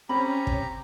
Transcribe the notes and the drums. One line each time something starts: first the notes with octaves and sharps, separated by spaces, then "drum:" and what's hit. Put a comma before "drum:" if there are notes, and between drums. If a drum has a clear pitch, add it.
C4 C#4 G4 A#5 B5
drum: kick